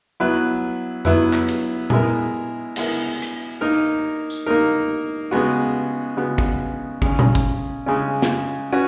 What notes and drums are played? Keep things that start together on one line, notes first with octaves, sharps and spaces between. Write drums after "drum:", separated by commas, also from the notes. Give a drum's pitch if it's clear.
F#3 B3 E4 B4
F#3 B3 E4 B4, drum: tom F2
drum: clap
drum: cymbal
G#3 B3 E4 A#4, drum: tom A#2
G#3 B3 E4 A#4, drum: cymbal
drum: hi-hat
A#3 D#4 A#4
drum: tambourine
A#3 D#4 A#4
C#3 G#3 B3 F#4
C#3 G#3 B3 F#4
drum: kick
C#3 G#3 C#4, drum: kick
drum: tom A#2
drum: kick
C#3 G#3 C#4
drum: snare
C#4 F#4 B4